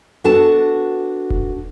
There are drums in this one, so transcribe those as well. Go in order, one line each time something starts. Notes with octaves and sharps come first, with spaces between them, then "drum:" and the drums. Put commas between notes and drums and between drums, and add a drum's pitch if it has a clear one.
B3 D4 F#4 A4 A5
drum: kick E1